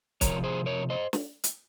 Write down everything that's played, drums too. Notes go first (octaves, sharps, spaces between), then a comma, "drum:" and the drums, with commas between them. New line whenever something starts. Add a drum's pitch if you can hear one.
C3 F3 A#4 C#5, drum: kick, hi-hat
G#4 C5
A#4 C#5
C5 D#5
drum: snare
drum: hi-hat